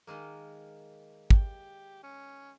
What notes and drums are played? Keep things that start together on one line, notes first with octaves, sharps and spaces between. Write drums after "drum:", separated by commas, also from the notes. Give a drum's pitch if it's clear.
D#3 G#3 A#3
G4, drum: kick
C#4